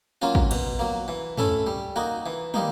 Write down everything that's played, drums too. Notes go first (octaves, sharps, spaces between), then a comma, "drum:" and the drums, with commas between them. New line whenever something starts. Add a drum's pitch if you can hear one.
F#3 A#3 C#4 F4
drum: kick
B2, drum: cymbal
F#3 A#3
E3
A3 C#4 E4 A4, drum: tom
G3
A#3 D#4 F#4
E3
G3 A#3 D#4, drum: tom